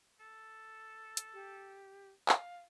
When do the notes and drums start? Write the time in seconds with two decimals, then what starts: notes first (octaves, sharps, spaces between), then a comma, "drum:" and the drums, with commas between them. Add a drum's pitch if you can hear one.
0.20 A4
1.17 drum: hi-hat
1.34 G4
2.29 F5, drum: clap